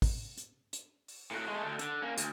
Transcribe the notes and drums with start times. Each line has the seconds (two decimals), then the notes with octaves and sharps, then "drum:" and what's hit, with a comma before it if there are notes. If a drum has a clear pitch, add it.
0.02 drum: kick, open hi-hat
0.38 drum: hi-hat
0.73 drum: hi-hat
1.08 drum: open hi-hat
1.31 A2 F#4
1.48 G#3 A3
1.65 D2 D3
1.79 D3, drum: hi-hat
2.02 A#3 C#4
2.18 D2, drum: hi-hat